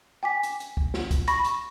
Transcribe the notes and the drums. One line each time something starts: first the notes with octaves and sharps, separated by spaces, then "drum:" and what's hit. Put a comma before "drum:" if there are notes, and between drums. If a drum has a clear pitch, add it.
G5 G#5 D6 B6
drum: hi-hat
drum: hi-hat
drum: kick
drum: snare
drum: kick, hi-hat
B5 C#6 A#6, drum: hi-hat
drum: hi-hat